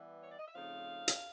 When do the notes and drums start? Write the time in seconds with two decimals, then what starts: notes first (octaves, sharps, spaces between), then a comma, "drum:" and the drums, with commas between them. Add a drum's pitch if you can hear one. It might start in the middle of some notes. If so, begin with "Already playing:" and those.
Already playing: E3 G3 B3
0.22 C#5
0.31 D5
0.38 D#5
0.47 E5
0.55 C#3 F3 A3 C4 D#4 F5
1.08 drum: hi-hat